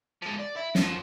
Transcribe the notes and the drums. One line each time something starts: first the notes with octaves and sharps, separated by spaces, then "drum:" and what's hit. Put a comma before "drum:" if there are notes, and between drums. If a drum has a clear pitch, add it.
F3 G#3
D5
E4
F#2 F3, drum: snare